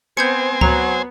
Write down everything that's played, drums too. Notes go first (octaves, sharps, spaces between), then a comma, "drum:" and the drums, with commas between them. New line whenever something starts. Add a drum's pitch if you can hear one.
B3 C4 C5 G#5 G6 G#6 C#7
F#3 B3 A#5, drum: kick C#2